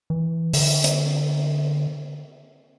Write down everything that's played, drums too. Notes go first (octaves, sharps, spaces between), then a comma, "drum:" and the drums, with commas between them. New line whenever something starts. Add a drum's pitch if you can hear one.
E3
D3, drum: open hi-hat
drum: hi-hat